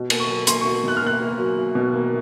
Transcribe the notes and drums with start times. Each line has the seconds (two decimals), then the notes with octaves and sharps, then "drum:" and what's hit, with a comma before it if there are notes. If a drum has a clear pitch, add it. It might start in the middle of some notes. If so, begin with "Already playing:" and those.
Already playing: B2
0.10 A#3, drum: cymbal
0.20 C#6
0.29 F#3
0.47 A#3 C6, drum: hi-hat
0.61 C#6
0.65 B2
0.84 B2 F#6
0.97 F6
1.02 A#3 F#6
1.20 A#3
1.38 F#3
1.56 F#3
1.75 B2
1.93 A#3